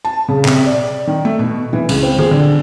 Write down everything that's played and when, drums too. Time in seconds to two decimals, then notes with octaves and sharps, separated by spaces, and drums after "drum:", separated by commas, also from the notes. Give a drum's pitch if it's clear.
0.05 A5
0.28 C#3
0.45 C3, drum: clap
0.66 D5
1.07 D#3
1.25 A3
1.39 B2
1.73 E3
1.89 C#2, drum: cymbal
2.03 C4
2.19 G#4, drum: tom D#3
2.31 D3